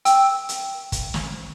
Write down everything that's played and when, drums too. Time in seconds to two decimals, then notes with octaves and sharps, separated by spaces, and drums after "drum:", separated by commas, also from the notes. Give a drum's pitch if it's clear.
0.05 G5 E6, drum: hi-hat
0.49 drum: hi-hat
0.92 drum: kick, hi-hat
1.14 drum: snare